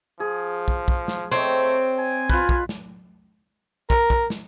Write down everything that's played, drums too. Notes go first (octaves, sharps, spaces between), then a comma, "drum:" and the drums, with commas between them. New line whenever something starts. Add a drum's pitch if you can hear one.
F3 G#4
drum: kick
drum: kick
drum: snare
A3 C4 C#5 D#5
G#5
F4 B4, drum: kick
drum: kick
drum: snare
A#4, drum: kick
drum: kick
drum: snare